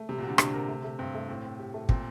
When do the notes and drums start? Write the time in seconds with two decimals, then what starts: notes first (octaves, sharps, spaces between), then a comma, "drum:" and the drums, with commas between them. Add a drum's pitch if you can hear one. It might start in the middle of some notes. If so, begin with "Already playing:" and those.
Already playing: A3
0.09 C3 G3
0.18 A#2
0.23 F#4
0.28 D3
0.38 C3 D4, drum: rim click
0.54 A#4
0.68 A3
0.84 A3
0.99 G2 C4
1.14 A3
1.29 A2 C4
1.45 C4
1.59 G4
1.74 A3
1.89 A#2 C4, drum: kick